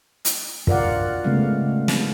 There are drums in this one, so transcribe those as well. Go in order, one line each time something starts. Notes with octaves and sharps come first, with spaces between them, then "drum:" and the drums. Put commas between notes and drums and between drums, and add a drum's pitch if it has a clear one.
drum: hi-hat
F4 A#4 D5 F5 F#5, drum: kick
C#3 G#3 A3 B3 C#4 F5
drum: snare